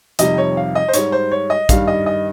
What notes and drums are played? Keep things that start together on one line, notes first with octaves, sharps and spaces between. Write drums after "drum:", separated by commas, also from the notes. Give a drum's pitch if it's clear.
F2 C3 D#3 G3 D#5, drum: hi-hat
C#5
F5
D#5
C5
G#2 G3 C#5, drum: hi-hat
C5
C#5
D#5
G2 D#3 G3 F5, drum: kick, hi-hat
D#5
D#5